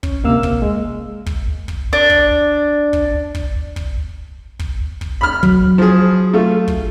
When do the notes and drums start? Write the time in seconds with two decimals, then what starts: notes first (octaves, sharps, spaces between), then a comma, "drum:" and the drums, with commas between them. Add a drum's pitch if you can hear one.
0.03 C#4, drum: kick
0.24 C#2 C3 A#3 F5 E6
0.43 drum: kick
0.62 G#3
1.26 drum: kick
1.68 drum: kick
1.93 D4
2.10 drum: kick
2.93 drum: kick
3.35 drum: kick
3.76 drum: kick
4.59 drum: kick
5.01 drum: kick
5.21 B5 F6
5.43 F#3, drum: kick
5.78 F3 G#4
6.33 A3 F4
6.68 drum: kick